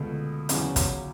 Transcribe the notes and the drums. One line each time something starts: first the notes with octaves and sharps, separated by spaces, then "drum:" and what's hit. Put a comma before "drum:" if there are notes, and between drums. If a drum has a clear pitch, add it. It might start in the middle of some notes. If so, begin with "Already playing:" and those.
Already playing: C#2 B2 D3 A3
E2 C#3 F#3 C#4 F#4, drum: hi-hat
drum: kick, hi-hat